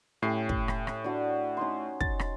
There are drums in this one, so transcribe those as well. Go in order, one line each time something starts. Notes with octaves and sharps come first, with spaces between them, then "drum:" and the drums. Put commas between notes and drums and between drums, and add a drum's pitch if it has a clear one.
A2 C#4 G4 C7
drum: kick
drum: rim click
drum: rim click
D4 F#4
C#4 D#4 C6
A6, drum: kick
drum: rim click